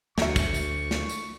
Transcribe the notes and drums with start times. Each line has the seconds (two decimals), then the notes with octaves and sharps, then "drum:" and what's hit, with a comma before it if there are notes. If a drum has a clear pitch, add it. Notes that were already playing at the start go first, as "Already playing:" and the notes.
0.18 D2 F#3 E5 C#6, drum: snare
0.36 drum: kick, tambourine
0.54 drum: tambourine
0.91 drum: snare
1.09 drum: tambourine